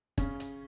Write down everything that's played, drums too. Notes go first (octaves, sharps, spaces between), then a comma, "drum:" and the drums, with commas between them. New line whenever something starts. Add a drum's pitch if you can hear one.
C#3 C#4, drum: kick, hi-hat
drum: hi-hat